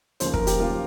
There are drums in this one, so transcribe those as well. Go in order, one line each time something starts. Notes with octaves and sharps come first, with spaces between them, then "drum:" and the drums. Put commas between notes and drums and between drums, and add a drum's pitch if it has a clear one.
D#2 C#3 F3 A#3 C5, drum: hi-hat
A#4, drum: kick
G4, drum: hi-hat
D#2 C#3 F3 A#3 F4